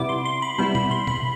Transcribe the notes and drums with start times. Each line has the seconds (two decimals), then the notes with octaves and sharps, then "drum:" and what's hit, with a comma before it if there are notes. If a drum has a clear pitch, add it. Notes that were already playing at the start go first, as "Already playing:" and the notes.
Already playing: C3 G3 B3 E4 D6
0.09 C6
0.25 C6
0.42 B5
0.58 C3 G3 B3 E4 B5
0.75 B5, drum: tom B2
0.91 C6
1.07 B5, drum: tom B2